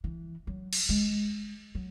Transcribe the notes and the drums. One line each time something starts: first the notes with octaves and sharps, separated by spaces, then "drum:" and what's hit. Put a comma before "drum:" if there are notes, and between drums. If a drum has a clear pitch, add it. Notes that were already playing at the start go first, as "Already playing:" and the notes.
E3
F#3
drum: cymbal
G#3
F#3